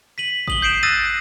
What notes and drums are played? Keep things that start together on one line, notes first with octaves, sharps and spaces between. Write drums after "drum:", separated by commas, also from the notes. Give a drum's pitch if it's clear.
B6 D#7 F#7
D#6 F#7 G7, drum: kick
D#6 G6 C7 D7 E7
D#6 E6 F#6 A6 A#6 D#7